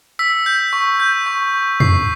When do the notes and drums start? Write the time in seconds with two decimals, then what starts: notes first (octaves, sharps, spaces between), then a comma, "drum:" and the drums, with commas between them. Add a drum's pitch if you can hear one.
0.19 E6 B6
0.46 G6
0.73 C#6
1.00 G6
1.26 C#6
1.54 C#6
1.80 C#6 C7, drum: tom